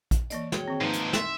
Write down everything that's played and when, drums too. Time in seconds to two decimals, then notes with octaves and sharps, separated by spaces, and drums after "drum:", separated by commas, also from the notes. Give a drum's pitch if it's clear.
0.11 drum: kick A#1, hi-hat
0.30 E3 A#3 D5 D#5, drum: hi-hat
0.52 F#4 G#4 C#5 G5, drum: snare
0.68 D#3 C4
0.81 G#2 F3 A#3 D#4 B4
0.93 drum: hi-hat
1.13 E5 C6, drum: snare